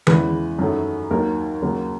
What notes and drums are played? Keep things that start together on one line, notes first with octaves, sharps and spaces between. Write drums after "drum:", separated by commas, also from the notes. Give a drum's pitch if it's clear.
E2 C#3 E3 G#3 B4, drum: tom D#3
F#2 D#3 F#3 A3
D#2 D#3 F#3 A#4
D#2 C#3 F#3 A#3